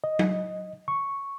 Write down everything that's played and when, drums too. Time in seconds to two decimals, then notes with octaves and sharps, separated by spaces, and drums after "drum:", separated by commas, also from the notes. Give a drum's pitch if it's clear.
0.04 D#5
0.19 drum: tom F#3
0.88 C#6